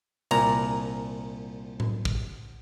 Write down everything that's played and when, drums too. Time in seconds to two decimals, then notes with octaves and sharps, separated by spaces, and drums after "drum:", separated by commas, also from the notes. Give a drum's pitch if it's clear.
0.31 C2 A#2 A#5, drum: cymbal
1.80 drum: tom A2
2.05 drum: kick